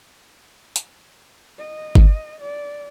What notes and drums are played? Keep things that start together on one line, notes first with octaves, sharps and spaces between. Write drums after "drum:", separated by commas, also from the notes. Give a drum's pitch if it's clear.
drum: hi-hat
D#5
drum: kick G1
D5